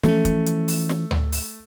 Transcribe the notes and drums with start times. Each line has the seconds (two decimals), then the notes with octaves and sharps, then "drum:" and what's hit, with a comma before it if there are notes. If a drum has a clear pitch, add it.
0.03 E3 F3 A3 C#4, drum: snare
0.25 drum: kick, hi-hat
0.46 drum: hi-hat
0.68 drum: open hi-hat
0.89 drum: snare
1.11 drum: tom D2
1.32 drum: open hi-hat